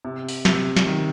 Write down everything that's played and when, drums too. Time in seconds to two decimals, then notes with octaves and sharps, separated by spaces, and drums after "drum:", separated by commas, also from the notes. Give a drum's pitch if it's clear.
0.05 C3
0.29 drum: open hi-hat
0.45 C3, drum: snare
0.76 drum: snare
0.86 D#3